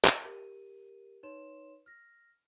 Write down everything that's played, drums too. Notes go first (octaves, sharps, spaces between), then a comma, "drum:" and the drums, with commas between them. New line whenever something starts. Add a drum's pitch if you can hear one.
drum: clap
G4 A#4 D#7
D#4 B4 C#5 C6 E7
F6 A#6